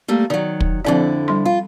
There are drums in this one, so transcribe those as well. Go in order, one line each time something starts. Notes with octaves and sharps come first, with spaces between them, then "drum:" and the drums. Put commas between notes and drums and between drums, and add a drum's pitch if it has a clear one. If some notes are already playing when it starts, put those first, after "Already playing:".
G3 A3 A#3
D#3 F#3 D5
drum: kick
F2 D3 F3 C4 E4 D5
G3 C6
F4